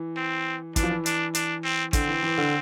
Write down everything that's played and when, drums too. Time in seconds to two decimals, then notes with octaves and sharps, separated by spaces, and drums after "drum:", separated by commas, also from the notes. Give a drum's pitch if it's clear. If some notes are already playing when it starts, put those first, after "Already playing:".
Already playing: E3
0.17 C4
0.76 E3 D4, drum: kick, hi-hat
0.83 F3
0.90 E3
1.06 D4, drum: hi-hat
1.35 D4, drum: hi-hat
1.64 C4
1.93 D3 C4, drum: kick, hi-hat
2.08 E3
2.23 E3
2.38 D3